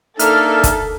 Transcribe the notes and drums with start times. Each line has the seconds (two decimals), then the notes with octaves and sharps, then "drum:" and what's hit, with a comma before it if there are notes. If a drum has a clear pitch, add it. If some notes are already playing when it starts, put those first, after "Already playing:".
0.19 A#3 D4 D#4 A4 E5 F6, drum: hi-hat
0.64 drum: kick, hi-hat